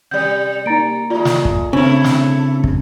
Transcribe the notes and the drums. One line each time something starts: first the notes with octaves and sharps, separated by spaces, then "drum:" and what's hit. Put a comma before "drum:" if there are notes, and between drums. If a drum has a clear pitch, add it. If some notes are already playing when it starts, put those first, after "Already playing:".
C3 G3 D5 G6
A#3 D#4 A#5 A6 D7
G#3 A3 F4 D5
drum: snare
drum: kick
C#3 A3 C4 D4 E4 G#5
drum: snare
drum: kick